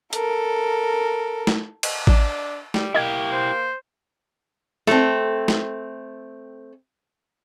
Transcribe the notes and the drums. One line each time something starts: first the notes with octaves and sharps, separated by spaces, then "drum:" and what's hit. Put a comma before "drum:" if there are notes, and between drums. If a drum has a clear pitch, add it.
A4 A#4, drum: hi-hat
drum: snare
drum: cymbal
D4, drum: kick A1
G3, drum: snare
A#3 E4 G4 D#5 G5 G#6
C5
A3 C4, drum: snare
drum: snare